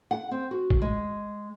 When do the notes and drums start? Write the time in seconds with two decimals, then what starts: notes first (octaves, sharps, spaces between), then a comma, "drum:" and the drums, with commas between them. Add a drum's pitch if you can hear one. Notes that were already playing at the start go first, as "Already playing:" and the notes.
0.11 F#5
0.31 C4
0.51 F#4
0.70 drum: kick
0.82 G#3